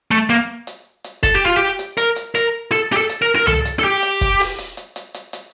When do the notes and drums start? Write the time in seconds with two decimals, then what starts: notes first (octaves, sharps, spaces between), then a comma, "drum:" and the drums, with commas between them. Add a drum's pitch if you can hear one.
0.11 A3
0.30 A#3
0.67 drum: hi-hat
1.04 drum: hi-hat
1.23 A4, drum: kick, hi-hat
1.34 G4
1.46 F4
1.57 G4
1.79 drum: hi-hat
1.97 A#4, drum: hi-hat
2.16 drum: hi-hat
2.35 A#4, drum: hi-hat
2.72 A4
2.92 G4, drum: hi-hat
2.97 A4
3.09 drum: hi-hat
3.22 A#4
3.36 A#4
3.47 A4, drum: tom C#2
3.65 drum: hi-hat
3.79 A4
3.84 G4
4.03 drum: hi-hat
4.21 drum: kick, hi-hat
4.40 drum: open hi-hat
4.59 drum: hi-hat
4.77 drum: hi-hat
4.96 drum: hi-hat
5.14 drum: hi-hat
5.33 drum: hi-hat